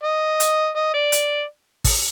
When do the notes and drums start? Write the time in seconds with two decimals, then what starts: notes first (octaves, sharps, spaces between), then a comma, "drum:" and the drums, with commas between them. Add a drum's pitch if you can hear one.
0.04 D#5
0.40 drum: hi-hat
0.76 D#5
0.94 D5
1.12 drum: hi-hat
1.84 drum: kick, open hi-hat